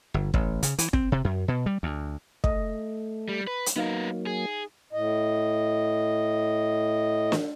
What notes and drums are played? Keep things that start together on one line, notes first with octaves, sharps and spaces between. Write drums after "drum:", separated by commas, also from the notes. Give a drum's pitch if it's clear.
G1
A1, drum: kick
C#3, drum: hi-hat
E3, drum: hi-hat
C4, drum: kick
C3
F#2
B2
G3
D2
A3 D#5, drum: kick
G3
B4
drum: hi-hat
F#3 A#3 B3 D#4 A#4 F5
G#4
A2 D#5
drum: snare